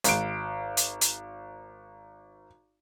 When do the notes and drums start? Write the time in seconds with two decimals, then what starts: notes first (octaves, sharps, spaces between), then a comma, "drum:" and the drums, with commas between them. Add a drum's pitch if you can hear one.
0.04 G#1 D7, drum: hi-hat
0.77 drum: hi-hat
1.01 drum: hi-hat